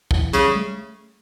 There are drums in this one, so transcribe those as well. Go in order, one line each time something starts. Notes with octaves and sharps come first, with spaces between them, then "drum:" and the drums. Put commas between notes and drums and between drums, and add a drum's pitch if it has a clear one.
E3, drum: kick
C#3 G3, drum: hi-hat
A3